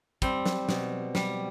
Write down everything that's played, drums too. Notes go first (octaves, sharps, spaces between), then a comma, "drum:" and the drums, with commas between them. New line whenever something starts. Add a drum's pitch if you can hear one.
G3 C4, drum: kick, hi-hat
drum: snare
B2, drum: snare
G3, drum: snare